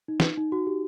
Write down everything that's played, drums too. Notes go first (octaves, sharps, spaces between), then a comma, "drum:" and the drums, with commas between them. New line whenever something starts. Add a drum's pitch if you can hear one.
D#4
drum: snare
D#4
F#4
G4